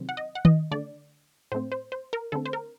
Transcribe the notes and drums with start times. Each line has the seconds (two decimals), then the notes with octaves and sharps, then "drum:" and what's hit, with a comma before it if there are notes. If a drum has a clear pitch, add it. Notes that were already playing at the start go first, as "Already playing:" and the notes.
Already playing: C3 D#3 F#3 C4
0.09 F#5
0.17 D#5
0.35 F#5
0.45 D#5, drum: tom D#3
0.71 D3 A3 D4 D5
1.52 A2 A3 C4 C5
1.72 C5
1.92 C5
2.13 A#4
2.32 D3 A3 C4 A4
2.46 C5
2.53 A#4